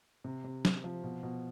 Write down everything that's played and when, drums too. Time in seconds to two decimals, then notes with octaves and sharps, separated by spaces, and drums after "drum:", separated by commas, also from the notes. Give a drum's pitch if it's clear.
0.24 C3
0.44 C3
0.65 C3, drum: snare
0.84 F3
1.04 B2
1.23 B2